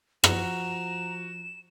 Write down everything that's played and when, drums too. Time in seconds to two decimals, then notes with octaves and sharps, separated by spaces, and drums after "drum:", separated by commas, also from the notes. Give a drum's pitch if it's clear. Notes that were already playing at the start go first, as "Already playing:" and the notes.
0.24 F3 F#4 A#5 E7, drum: rim click